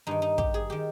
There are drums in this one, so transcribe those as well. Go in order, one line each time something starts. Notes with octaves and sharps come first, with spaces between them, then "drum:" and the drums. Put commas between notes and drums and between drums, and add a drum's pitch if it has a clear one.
G2 D#3 D#4
D#4
G4, drum: kick
G#4
D#3 G4